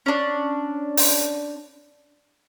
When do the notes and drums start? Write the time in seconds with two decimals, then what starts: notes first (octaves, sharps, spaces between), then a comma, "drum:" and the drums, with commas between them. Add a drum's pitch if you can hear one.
0.06 C#4 D4
0.97 drum: open hi-hat